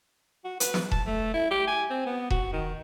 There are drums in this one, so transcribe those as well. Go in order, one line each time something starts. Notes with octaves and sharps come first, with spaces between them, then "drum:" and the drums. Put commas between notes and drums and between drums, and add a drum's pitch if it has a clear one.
F#4
B4, drum: hi-hat
drum: snare
A5, drum: kick E1
A3
E4
G4
G#5
C4
B3
F#4, drum: kick E1
D#3